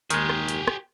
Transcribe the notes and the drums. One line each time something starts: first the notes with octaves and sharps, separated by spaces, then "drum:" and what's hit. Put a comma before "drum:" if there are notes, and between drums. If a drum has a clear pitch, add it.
D#2 D#3 G#3 G4 G#4, drum: hi-hat
drum: rim click
drum: hi-hat
drum: rim click